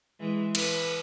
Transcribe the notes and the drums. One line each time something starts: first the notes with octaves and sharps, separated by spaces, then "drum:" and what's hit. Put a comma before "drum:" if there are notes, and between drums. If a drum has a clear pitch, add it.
E3 G#3
B4, drum: cymbal